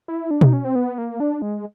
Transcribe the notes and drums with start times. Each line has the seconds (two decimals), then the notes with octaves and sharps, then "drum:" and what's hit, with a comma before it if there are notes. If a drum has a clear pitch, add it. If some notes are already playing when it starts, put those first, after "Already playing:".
0.08 E4
0.31 D4
0.41 D#4, drum: tom B2
0.53 C#4
0.65 C4
0.76 B3
0.98 A#3
1.20 D4
1.42 G#3